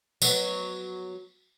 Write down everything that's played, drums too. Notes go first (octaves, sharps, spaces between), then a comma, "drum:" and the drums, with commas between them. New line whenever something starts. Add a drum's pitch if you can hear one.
F#3 B3, drum: tambourine